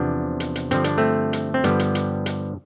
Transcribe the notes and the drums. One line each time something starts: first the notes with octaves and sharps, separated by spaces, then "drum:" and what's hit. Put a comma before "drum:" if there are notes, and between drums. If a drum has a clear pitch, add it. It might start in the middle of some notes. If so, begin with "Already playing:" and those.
Already playing: E2 C3 F3 B3 D4
drum: hi-hat
drum: hi-hat
G2 D3 F3 C4, drum: hi-hat
D4, drum: hi-hat
A3 C4
drum: hi-hat
C4
G2 D3 F3 G3 B3, drum: hi-hat
drum: hi-hat
drum: hi-hat
drum: hi-hat